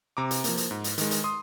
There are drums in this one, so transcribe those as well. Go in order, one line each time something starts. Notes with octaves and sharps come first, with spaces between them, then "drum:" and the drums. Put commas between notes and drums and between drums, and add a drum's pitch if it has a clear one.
C3 A#5 D6
drum: hi-hat
F3 A#3, drum: hi-hat
drum: hi-hat
G#2
drum: hi-hat
D#3 G#3, drum: hi-hat
drum: hi-hat
C6 D#6